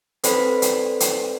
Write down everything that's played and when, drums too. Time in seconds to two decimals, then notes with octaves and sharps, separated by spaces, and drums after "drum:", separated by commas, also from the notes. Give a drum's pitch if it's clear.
0.24 C4 A4 B4 C5 D5 B5, drum: hi-hat
0.62 drum: hi-hat
1.00 drum: hi-hat